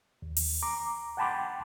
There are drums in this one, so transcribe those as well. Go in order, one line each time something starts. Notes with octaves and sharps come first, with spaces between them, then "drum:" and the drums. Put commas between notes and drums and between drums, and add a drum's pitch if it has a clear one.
D#2
drum: open hi-hat
A#5 D6
F#5 G5 A5 B5 C6 D6